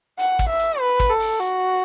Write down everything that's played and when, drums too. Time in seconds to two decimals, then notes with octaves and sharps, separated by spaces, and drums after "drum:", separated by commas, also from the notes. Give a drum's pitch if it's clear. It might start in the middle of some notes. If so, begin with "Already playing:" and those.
0.19 F#5, drum: hi-hat
0.39 drum: kick, hi-hat
0.50 E5
0.59 drum: hi-hat
0.80 B4
1.00 drum: kick, hi-hat
1.10 A4
1.20 drum: open hi-hat
1.40 F#4